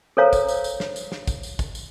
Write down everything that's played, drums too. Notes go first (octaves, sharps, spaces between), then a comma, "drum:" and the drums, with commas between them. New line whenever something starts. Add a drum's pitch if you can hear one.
A4 A#4 C5 C#5 F5 A#5
drum: kick, tambourine
drum: tambourine
drum: tambourine
drum: snare
drum: tambourine
drum: snare
drum: kick, tambourine
drum: tambourine
drum: kick, tambourine
drum: tambourine